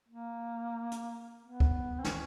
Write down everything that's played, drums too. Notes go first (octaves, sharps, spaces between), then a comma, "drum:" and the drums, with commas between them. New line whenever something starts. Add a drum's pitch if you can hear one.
A#3
drum: hi-hat
B3
drum: kick
C4
C#4, drum: snare